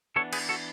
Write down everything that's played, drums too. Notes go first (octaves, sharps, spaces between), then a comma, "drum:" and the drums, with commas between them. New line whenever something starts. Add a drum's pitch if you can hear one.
E3 B3 D4 A4 C#5
G#4 B4, drum: cymbal
F#4 A4